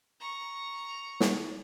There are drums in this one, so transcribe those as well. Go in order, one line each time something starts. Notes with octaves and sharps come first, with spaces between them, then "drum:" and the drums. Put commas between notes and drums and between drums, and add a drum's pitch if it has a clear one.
A#5 C#6
drum: snare